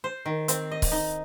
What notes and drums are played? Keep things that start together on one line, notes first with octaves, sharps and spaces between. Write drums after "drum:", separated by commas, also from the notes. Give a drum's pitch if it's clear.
C5
D#3
C4, drum: hi-hat
D#5
drum: kick C#1, open hi-hat
D#4